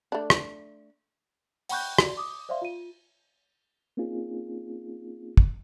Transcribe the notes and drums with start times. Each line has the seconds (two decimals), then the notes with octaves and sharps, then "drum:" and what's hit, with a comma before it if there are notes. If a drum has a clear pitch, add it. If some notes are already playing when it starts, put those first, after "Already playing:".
0.12 A3 D4
0.30 drum: rim click
1.69 F#5 G5 B5 C#6 F#6 G6, drum: open hi-hat
1.99 F#4 D5, drum: rim click
2.17 D6 D#6
2.49 C5 D5 E5 F5 C6
2.62 F4 D#7
3.97 A#3 C4 C#4 D#4 F4 G#4
5.37 drum: kick